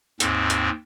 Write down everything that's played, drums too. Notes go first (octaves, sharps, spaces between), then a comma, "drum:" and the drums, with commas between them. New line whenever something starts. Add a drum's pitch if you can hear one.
D#2 G#2 C4, drum: hi-hat
drum: hi-hat